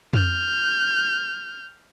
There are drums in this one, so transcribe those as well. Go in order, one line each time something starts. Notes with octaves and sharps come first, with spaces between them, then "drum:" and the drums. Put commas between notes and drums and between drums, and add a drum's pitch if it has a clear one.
F6 G6, drum: tom F2